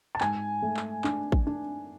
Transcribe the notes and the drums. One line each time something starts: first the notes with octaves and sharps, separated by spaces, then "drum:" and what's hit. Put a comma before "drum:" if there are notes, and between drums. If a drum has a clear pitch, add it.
A5
G#2 G#5, drum: clap
A3
drum: clap
D4, drum: clap
drum: kick A1
D4